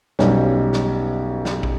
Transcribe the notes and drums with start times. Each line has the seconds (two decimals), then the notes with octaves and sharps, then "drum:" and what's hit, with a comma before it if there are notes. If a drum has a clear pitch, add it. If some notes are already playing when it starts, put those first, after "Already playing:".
0.19 B1 B2 G3 C#4, drum: snare
0.73 drum: snare
1.45 drum: snare
1.63 drum: kick